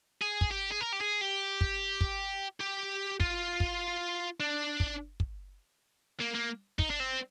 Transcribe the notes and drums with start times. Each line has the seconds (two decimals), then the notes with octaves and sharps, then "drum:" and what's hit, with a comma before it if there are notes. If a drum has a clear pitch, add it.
0.21 G#4
0.41 drum: kick
0.51 G4
0.71 G#4
0.80 A#4
0.93 G4
1.01 G#4
1.21 G4
1.61 drum: kick
2.01 drum: kick
2.61 G4
3.20 F4, drum: kick
3.60 drum: kick
4.40 D4
4.80 drum: kick
5.20 drum: kick
6.20 A#3
6.34 A#3
6.79 D#4, drum: kick
6.90 D4
7.00 C4